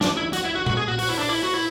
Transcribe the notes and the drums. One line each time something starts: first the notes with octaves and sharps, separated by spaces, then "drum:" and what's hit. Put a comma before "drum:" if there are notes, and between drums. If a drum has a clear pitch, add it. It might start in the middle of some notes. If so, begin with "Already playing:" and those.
D4, drum: snare
E4
F#4, drum: hi-hat
E4
F#4
F#4, drum: tom A#2
G#4
F#4
F#4, drum: open hi-hat
E4
D4
E4
F#4
E4